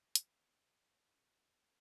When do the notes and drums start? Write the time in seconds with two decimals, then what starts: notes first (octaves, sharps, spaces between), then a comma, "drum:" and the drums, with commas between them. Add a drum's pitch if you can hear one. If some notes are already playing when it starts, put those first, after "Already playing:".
0.15 F2 C#3 F3 A#3 D#4, drum: hi-hat